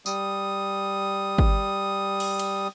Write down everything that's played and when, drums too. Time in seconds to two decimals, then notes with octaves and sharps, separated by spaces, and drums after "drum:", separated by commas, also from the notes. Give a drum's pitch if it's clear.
0.06 G3 D#6, drum: tambourine
1.38 drum: kick G#1
2.20 drum: open hi-hat
2.39 drum: cymbal